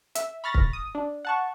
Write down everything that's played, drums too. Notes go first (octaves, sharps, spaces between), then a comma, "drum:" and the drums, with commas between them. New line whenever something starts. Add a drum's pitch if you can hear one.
E5, drum: hi-hat
B5 C#6 F6 A6 A#6
drum: kick C#1
D#6
D4
F#5 A5 C#6